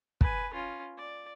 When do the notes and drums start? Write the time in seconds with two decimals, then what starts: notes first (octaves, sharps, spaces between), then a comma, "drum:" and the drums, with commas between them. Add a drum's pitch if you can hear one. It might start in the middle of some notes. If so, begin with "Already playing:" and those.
0.21 B4 G#5, drum: kick
0.53 C#4 F4
0.98 D5